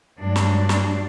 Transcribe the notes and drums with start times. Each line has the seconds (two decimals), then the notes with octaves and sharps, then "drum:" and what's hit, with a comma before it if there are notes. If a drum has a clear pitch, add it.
0.19 G2 F#3 G#3 D4
0.36 drum: snare
0.69 drum: snare